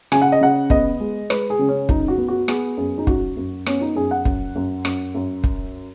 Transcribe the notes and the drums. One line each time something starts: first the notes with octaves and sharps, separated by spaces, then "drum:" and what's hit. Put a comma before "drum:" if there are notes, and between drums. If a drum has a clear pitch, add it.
C#3 G#5, drum: rim click
F#5
D#5
C#3 F#5
B3 D#5, drum: kick
G#3
G#3 B4, drum: rim click
G#4
C#3
C#4
F#2 D#4, drum: kick
F#4
B3
F#4
B3 G#4, drum: rim click
F#2 G#4
D#4
F#2 F#4, drum: kick
F#2
B3 C#4, drum: rim click
D#4
F#2 G#4
F#5
F#2, drum: kick
F#2
F#2, drum: rim click
F#2
drum: kick